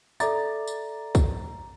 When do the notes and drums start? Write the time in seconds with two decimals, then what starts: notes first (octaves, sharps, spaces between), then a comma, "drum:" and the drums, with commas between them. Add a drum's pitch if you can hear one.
0.20 A4 D5 E5 A#5 D6 A6, drum: tambourine
0.67 drum: tambourine
1.15 drum: kick, tambourine